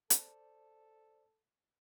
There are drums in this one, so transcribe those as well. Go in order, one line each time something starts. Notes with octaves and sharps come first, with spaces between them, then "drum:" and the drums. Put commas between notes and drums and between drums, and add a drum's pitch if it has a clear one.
A4 C5 D5 A5, drum: hi-hat